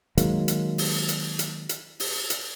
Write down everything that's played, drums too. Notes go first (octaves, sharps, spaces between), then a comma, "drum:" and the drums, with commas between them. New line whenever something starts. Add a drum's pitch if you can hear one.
D#3 F#3 G#3 A#3, drum: hi-hat
drum: hi-hat
drum: open hi-hat
drum: hi-hat
drum: hi-hat
drum: hi-hat
drum: open hi-hat
drum: hi-hat